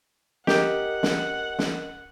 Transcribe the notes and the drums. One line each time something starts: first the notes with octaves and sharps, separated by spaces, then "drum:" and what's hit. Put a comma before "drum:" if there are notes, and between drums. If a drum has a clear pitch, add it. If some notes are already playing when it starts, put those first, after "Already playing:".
G4 A#4 D#5 F#5, drum: snare
drum: snare
drum: snare